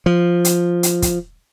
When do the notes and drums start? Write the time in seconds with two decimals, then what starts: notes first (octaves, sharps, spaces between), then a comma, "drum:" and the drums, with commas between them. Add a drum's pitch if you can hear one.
0.06 F3
0.45 drum: hi-hat
0.83 drum: hi-hat
1.02 drum: kick, hi-hat